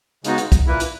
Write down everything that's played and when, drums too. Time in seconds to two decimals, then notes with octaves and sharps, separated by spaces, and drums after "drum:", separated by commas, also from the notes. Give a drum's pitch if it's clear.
0.24 C#3 G#3 B3 D#4 F#4, drum: hi-hat
0.38 drum: hi-hat
0.52 drum: kick, hi-hat
0.66 A#2 A#3 E4 B4
0.80 drum: hi-hat